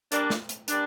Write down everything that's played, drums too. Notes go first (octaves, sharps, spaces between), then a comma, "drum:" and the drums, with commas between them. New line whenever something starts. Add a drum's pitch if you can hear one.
G3 A#3 D4, drum: hi-hat
drum: snare
drum: hi-hat
G3 A#3 D4, drum: hi-hat